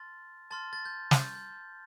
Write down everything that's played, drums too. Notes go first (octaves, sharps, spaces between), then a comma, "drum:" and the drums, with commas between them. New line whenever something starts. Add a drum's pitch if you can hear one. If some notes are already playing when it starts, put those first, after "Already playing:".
Already playing: A5 C6 F6 A6
A5 C6 F6 A6
A6
G6
G6, drum: snare
C6 G6